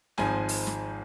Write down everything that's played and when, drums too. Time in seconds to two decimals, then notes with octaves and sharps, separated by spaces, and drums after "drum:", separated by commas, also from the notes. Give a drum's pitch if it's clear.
0.18 G#1 G#2 F3 G#5, drum: snare
0.49 drum: open hi-hat
0.67 drum: snare